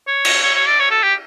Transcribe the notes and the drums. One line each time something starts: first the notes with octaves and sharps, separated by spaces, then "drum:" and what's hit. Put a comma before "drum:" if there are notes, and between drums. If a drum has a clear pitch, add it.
C#5
drum: cymbal
C#5
C#5
D5
C#5
A4
G4